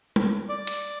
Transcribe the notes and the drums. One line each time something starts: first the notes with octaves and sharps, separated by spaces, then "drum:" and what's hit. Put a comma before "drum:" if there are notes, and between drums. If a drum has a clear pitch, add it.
drum: tom G3
D5
drum: hi-hat